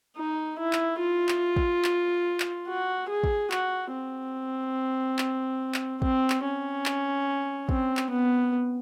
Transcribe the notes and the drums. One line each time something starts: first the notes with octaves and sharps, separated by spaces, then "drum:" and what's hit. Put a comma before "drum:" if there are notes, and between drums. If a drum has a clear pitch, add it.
D#4
E4
drum: clap
F4
drum: clap
drum: kick
drum: clap
drum: clap
F#4
G#4
drum: kick
F#4, drum: clap
C4
drum: clap
drum: clap
C4, drum: kick
drum: clap
C#4
drum: clap
C4, drum: kick
drum: clap
B3